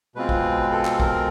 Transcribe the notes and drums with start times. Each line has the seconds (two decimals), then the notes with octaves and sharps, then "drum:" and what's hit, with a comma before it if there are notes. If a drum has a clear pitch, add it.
0.15 B2 G#3 C4 F4 B4
0.29 drum: kick
0.72 A4
0.85 drum: clap
1.00 A#4, drum: kick